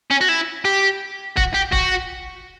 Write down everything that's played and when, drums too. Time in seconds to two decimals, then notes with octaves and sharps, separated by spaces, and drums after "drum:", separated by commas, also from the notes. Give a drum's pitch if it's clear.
0.11 C#4
0.21 F#4
0.29 E4
0.65 G4
1.37 F#4, drum: kick
1.55 G4
1.72 F#4, drum: kick